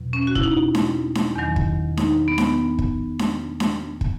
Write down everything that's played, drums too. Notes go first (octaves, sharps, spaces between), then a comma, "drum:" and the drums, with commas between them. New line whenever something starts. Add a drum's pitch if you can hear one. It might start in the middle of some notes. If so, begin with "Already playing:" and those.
Already playing: E2 B2 F#3
C#4
F#4
E4, drum: kick
D#4
drum: snare D4
drum: snare D4
E2 D#3 F#3
drum: kick
D#4, drum: snare D4
B3
drum: snare D4
drum: kick
drum: snare D4
drum: snare D4
drum: kick